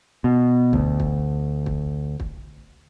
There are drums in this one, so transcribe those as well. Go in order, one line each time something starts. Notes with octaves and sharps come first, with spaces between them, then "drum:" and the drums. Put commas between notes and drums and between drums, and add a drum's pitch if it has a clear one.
B2
D2, drum: kick
drum: kick
drum: kick
drum: kick